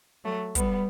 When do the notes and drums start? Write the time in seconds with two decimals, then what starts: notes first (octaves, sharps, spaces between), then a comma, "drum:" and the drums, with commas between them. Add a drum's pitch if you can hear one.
0.24 F#3 A3
0.55 G3 B3, drum: kick, hi-hat